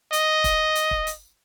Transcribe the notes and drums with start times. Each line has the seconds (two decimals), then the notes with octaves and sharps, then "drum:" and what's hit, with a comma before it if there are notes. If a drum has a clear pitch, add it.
0.13 D#5, drum: hi-hat
0.44 drum: kick, hi-hat
0.75 drum: hi-hat
0.91 drum: kick
1.07 drum: hi-hat